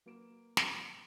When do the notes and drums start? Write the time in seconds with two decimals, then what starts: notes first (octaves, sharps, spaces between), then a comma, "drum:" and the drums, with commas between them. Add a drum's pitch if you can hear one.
0.06 F#3 A#3 B4 D7 E7
0.57 drum: snare